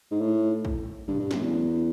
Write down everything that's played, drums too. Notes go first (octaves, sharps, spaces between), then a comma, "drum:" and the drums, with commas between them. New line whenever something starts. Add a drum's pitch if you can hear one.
G#2
A2
drum: kick
G2, drum: tom
G2
F#2, drum: snare
E2